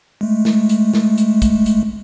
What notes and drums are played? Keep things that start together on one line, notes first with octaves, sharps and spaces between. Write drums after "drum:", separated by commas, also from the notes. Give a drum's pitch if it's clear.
G#3 A3
drum: snare
drum: hi-hat
drum: snare
drum: hi-hat
drum: kick, hi-hat
drum: hi-hat